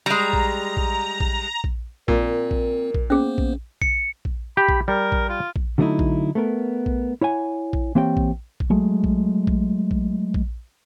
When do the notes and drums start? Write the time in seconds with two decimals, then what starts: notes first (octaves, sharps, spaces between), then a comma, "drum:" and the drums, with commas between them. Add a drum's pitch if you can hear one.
0.06 G3 G#3 A#5
0.33 drum: kick A#1
0.77 drum: kick A#1
1.20 drum: kick A#1
1.64 drum: kick A#1
2.08 A#2 C4 A#4, drum: kick A#1
2.51 drum: kick A#1
2.94 drum: kick A#1
3.10 A#3 B3 C#4 G#4 C5
3.38 drum: kick A#1
3.82 C#7, drum: kick A#1
4.25 drum: kick A#1
4.57 G4 B5
4.69 drum: kick A#1
4.88 G3 A#4
5.12 drum: kick A#1
5.29 F4
5.56 drum: kick A#1
5.78 D3 F#3 A3 C4 D#4 E4
5.99 drum: kick A#1
6.35 A3 B3 A#4
6.86 drum: kick A#1
7.21 E4 C#5 F#5 G#5
7.73 drum: kick A#1
7.95 E3 A#3 C4 G4 C#5 G5
8.17 drum: kick A#1
8.60 drum: kick A#1
8.70 F#3 G#3 A3
9.04 drum: kick A#1
9.47 drum: kick A#1
9.91 drum: kick A#1
10.34 drum: kick A#1